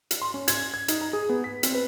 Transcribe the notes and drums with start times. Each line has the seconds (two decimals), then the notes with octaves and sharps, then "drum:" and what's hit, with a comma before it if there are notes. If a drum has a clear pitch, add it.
0.11 drum: hi-hat
0.22 C6
0.34 C#4
0.48 G#6, drum: hi-hat
0.74 G#6
0.88 D#4, drum: hi-hat
1.01 A#5
1.13 G#4
1.29 B3
1.44 B6
1.63 C4, drum: hi-hat
1.75 B4